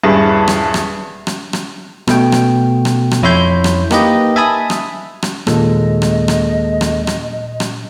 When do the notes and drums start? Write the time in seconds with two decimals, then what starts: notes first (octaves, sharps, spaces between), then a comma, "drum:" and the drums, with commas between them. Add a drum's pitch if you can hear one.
0.03 D#1 G2 E4 G#4 B4 A5
0.48 drum: rim click
0.74 drum: rim click
1.27 drum: rim click
1.53 drum: rim click
2.07 B2 A3 G5, drum: rim click
2.32 drum: rim click
2.85 drum: rim click
3.11 drum: rim click
3.23 F2 E4 C#5 E5 C6 G6
3.64 drum: rim click
3.91 A#3 D#4 G4 B4 D#5, drum: rim click
4.36 E5 G#5 A5 B5 D#6
4.70 drum: rim click
5.22 drum: rim click
5.47 D#2 A#2 G#3 A4 D#5, drum: rim click
6.02 drum: rim click
6.28 drum: rim click
6.81 drum: rim click
7.07 drum: rim click
7.60 drum: rim click